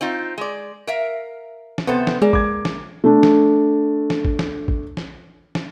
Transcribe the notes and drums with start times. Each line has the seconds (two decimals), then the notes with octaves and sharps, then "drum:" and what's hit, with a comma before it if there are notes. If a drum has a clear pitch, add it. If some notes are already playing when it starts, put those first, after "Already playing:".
0.01 C4 D#4 F4
0.38 G#3 D5
0.87 A#4 E5 F5
1.78 drum: snare
1.87 C3 B3 A4 C5
2.07 drum: snare
2.22 G#3 A#3 G#4 D5
2.33 D6 G#6, drum: kick A1
2.65 drum: snare
3.04 A3 D4
3.23 drum: snare
4.10 drum: snare
4.25 drum: kick A1
4.39 drum: snare
4.68 drum: kick A1
4.97 drum: snare
5.55 drum: snare